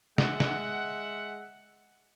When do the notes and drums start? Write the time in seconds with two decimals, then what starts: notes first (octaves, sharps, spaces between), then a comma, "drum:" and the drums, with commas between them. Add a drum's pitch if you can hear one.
0.18 G#3 E5 F#5, drum: snare
0.40 drum: snare